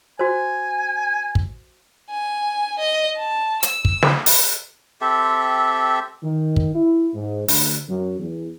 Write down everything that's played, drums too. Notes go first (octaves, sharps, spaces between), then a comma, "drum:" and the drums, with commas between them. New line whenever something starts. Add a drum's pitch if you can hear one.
F#4 C5 G#5
drum: kick
G#5
D#5
A5
E6, drum: hi-hat
drum: kick
drum: snare
drum: open hi-hat
C4 G4 A4 E5
D#3
drum: kick
E4
G#2
D2, drum: open hi-hat
F#2
E2